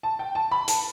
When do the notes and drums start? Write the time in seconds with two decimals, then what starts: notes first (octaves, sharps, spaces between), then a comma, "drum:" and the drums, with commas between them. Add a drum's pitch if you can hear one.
0.03 A5
0.19 G5
0.35 A5
0.52 B5
0.68 A5, drum: hi-hat